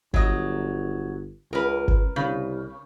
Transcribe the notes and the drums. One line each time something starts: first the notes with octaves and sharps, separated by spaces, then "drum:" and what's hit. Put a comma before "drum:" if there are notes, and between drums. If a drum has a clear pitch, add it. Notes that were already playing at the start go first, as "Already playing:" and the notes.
G1 F#3 D#5, drum: kick G1
C#2 A#4 B4
drum: kick G1
C2 C#3